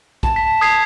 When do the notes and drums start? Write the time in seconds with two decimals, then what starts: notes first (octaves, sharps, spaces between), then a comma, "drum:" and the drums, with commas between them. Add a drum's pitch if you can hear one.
0.23 A5, drum: kick
0.36 B6
0.61 D#6 G#6 C7